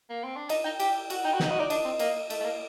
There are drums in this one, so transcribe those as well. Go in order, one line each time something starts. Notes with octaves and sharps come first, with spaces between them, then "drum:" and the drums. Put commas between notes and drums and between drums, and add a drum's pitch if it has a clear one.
A#3
C4
D4
D#4 D#5, drum: cymbal
D#4 G5
G4 G5, drum: cymbal
F#4 F#5, drum: cymbal
D#4 G5
F#4
D#4 F#5, drum: snare
F#4 D#5
D#4 D5
D4 D#5, drum: cymbal
C4
A#3 D#5, drum: cymbal
A3, drum: cymbal
A3
A#3